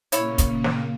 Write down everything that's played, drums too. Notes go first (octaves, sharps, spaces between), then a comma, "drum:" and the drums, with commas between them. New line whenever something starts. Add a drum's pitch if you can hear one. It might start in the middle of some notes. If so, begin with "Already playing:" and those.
A#2 C#3 A#3 E4 C#5, drum: hi-hat
drum: kick, hi-hat
drum: snare